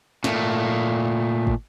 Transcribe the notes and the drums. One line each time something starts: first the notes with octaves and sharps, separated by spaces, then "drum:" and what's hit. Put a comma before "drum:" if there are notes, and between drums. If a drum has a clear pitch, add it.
A#2 A3, drum: snare
drum: kick